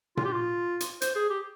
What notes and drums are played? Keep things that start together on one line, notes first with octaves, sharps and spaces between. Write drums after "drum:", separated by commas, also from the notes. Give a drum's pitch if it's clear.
F4, drum: tom A#2
G4
F4
drum: hi-hat
C5, drum: hi-hat
G#4
G4